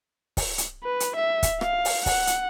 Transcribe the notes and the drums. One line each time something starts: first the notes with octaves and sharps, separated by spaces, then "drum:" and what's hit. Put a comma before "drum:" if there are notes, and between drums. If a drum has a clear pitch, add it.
drum: kick, open hi-hat
drum: hi-hat
B4
drum: hi-hat
E5
drum: kick, hi-hat
F5, drum: rim click
drum: open hi-hat
F#5, drum: kick, open hi-hat
drum: hi-hat